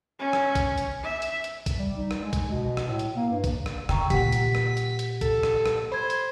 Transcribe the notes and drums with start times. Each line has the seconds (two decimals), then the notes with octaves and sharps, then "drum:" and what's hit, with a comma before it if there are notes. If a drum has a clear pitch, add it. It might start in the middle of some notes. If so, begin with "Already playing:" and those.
0.19 C#4
0.33 drum: rim click
0.55 drum: kick A#1, hi-hat
0.78 drum: hi-hat
1.04 E5
1.22 drum: hi-hat
1.44 drum: hi-hat
1.66 drum: kick A#1, hi-hat
1.78 G3
1.97 D#4
2.11 drum: rim click
2.21 G#3
2.33 drum: kick A#1, hi-hat
2.50 B2
2.77 drum: rim click
2.88 A2
2.99 drum: hi-hat
3.16 A#3
3.31 G2
3.44 drum: kick A#1, hi-hat
3.66 drum: rim click
3.89 D3 G5 A#5 C#6, drum: rim click
4.10 A#2 G4 F#5 B6, drum: kick A#1, hi-hat
4.32 drum: hi-hat
4.55 drum: rim click
4.77 drum: hi-hat
4.99 drum: hi-hat
5.21 A4, drum: kick A#1, hi-hat
5.43 drum: rim click
5.66 drum: rim click
5.92 C5 B5 G#6
6.10 drum: hi-hat